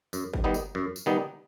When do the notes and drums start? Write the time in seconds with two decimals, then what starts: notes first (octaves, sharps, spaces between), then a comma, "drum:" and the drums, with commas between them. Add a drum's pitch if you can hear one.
0.13 F#2, drum: tambourine
0.34 drum: kick
0.44 D#3 G3 B3 D#4
0.54 drum: tambourine
0.75 F#2
0.96 drum: tambourine
1.06 D#3 G3 B3 D#4